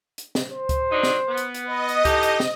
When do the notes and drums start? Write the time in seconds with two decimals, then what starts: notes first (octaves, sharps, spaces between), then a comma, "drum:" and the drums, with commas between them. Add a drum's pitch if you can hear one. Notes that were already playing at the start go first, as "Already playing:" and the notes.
0.18 drum: hi-hat
0.35 drum: snare
0.52 C5
0.69 drum: kick C#2, hi-hat
0.91 F#3 D4 D#4
1.03 drum: snare
1.28 B3
1.37 drum: hi-hat
1.55 drum: hi-hat
1.67 B4 D#5
1.89 drum: hi-hat
2.05 E3 D#4 G4 A4, drum: kick C#2, hi-hat
2.23 drum: hi-hat
2.40 drum: snare